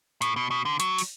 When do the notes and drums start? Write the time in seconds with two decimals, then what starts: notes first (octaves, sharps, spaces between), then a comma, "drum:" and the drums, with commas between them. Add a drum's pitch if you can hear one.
0.22 A2, drum: hi-hat
0.36 B2
0.51 B2
0.65 D3
0.80 F#3, drum: hi-hat
0.98 drum: open hi-hat